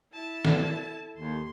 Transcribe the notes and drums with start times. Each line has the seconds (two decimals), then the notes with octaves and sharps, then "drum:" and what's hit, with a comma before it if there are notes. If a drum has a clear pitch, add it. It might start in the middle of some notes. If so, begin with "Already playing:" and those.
0.13 E4 A5
0.45 A4, drum: snare
1.17 D#2 C6